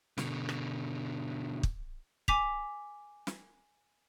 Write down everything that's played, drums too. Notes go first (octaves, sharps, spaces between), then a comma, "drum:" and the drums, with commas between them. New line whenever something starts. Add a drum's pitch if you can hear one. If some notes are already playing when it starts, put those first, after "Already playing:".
B2 D3, drum: snare
drum: rim click
drum: kick
G#5 D6 B6 F7, drum: kick
drum: snare